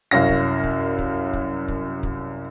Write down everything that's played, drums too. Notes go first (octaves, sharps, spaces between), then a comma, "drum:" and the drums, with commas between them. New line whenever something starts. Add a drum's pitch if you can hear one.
C2 F#2 C#4 F5 A#6
drum: kick
drum: kick
drum: kick
drum: kick
drum: kick
drum: kick